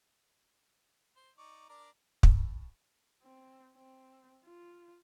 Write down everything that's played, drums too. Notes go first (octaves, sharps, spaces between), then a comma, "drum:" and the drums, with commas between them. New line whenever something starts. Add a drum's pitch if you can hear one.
C5
D#4 D5 C#6
D4 A#4 D5
drum: kick
C4
C4
F4